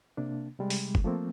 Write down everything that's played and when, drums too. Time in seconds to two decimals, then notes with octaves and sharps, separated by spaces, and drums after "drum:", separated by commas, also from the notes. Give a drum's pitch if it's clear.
0.17 C3 A#3 D4
0.59 C3 G3 G#3
0.70 drum: open hi-hat
0.95 drum: kick
1.04 F3 A3 A#3 C4